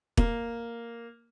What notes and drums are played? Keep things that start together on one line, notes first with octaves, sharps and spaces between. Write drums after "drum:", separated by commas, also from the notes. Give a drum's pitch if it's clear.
A#3, drum: kick E1